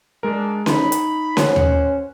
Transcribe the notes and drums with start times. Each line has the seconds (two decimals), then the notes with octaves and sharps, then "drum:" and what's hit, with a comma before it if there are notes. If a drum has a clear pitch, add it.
0.23 G#3 D4 A#4
0.66 D#4 B5, drum: snare C#4
0.92 drum: hi-hat
1.37 C#4 C5 F#5, drum: snare C#4
1.56 drum: tom D#2